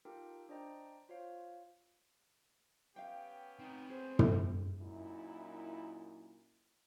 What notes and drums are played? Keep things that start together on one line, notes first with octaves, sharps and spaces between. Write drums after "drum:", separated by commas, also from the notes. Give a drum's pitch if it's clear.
D#4 F4 G4 A4 A#4 G5
D4 C5 D5 D#5 G5 A#5
F4 C5 C#5 F5
B3 C#4 G4 F5 G5
C4 D#4 F#5
G#4 C5
drum: tom
F#2 A#2 D#4 E4